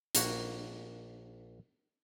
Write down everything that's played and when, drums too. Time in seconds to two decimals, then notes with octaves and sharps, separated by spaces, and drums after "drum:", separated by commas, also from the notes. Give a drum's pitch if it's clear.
0.15 A#1 A#3 F#4, drum: hi-hat